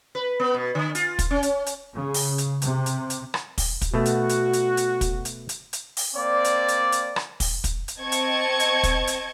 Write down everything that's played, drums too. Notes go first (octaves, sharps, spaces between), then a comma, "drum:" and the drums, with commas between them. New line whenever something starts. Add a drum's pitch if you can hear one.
B4
B3
B2
D3
F4, drum: hi-hat
drum: kick, hi-hat
C#4
drum: hi-hat
drum: hi-hat
C#3
drum: open hi-hat
drum: hi-hat
C3, drum: hi-hat
drum: hi-hat
drum: hi-hat
drum: rim click
drum: kick, open hi-hat
drum: kick, hi-hat
B2 A3 F#4
drum: hi-hat
drum: hi-hat
drum: hi-hat
drum: hi-hat
drum: kick, hi-hat
drum: hi-hat
drum: hi-hat
drum: hi-hat
drum: open hi-hat
A#3 C4 D5
drum: hi-hat
drum: hi-hat
drum: hi-hat
drum: rim click
drum: kick, open hi-hat
drum: kick, hi-hat
drum: hi-hat
C4 D#5 A5 C#6 G#6
drum: hi-hat
drum: hi-hat
drum: kick, hi-hat
drum: hi-hat